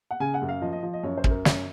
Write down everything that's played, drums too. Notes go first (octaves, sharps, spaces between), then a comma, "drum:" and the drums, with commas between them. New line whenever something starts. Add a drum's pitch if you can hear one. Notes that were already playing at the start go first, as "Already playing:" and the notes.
F#5
C#3 G#5
F#5
F#2
F5
F3 D#5
D#5
F3
D#5
F#2 C#5
C5
F#2, drum: kick
A#4
F#2 C#5, drum: snare